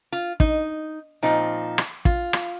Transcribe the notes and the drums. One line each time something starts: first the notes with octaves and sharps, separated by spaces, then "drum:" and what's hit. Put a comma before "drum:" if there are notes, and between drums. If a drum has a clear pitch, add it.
F4
D#4, drum: kick
A#2 F3 C4 D#4
drum: rim click
F4, drum: kick
drum: rim click